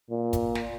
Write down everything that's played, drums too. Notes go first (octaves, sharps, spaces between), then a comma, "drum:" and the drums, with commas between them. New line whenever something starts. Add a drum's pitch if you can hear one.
A#2
drum: kick, hi-hat
drum: snare